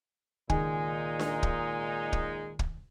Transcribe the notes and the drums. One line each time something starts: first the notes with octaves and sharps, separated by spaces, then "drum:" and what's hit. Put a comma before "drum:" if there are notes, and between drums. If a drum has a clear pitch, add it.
C#2 A#2 D#3 G#3 D#4 G#5, drum: kick
drum: snare D4
drum: kick
drum: kick
drum: kick